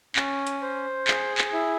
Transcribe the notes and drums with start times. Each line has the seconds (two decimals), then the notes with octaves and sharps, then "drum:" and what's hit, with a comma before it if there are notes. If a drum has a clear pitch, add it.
0.16 C#4, drum: clap
0.47 drum: hi-hat
0.62 C5
1.08 G#4, drum: clap
1.38 drum: clap
1.53 E4